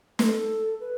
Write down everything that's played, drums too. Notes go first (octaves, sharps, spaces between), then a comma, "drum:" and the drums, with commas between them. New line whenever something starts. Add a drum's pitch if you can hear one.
B4, drum: snare
A4
B4